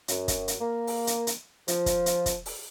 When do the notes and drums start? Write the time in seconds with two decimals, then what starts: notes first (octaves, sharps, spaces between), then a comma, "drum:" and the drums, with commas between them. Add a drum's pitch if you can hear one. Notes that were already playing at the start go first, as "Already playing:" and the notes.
0.08 F#2, drum: hi-hat
0.28 drum: kick, hi-hat
0.48 drum: hi-hat
0.61 A#3
0.87 drum: open hi-hat
1.07 drum: hi-hat
1.27 drum: hi-hat
1.68 F3, drum: hi-hat
1.86 drum: kick, hi-hat
2.06 drum: hi-hat
2.26 drum: kick, hi-hat
2.46 drum: open hi-hat